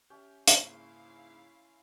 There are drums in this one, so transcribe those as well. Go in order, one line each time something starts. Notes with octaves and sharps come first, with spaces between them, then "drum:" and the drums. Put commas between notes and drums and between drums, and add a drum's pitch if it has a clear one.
C#4 G4 E5 G6
G#2 C#3 A#3 C#4 E4 E5 F5 C6, drum: hi-hat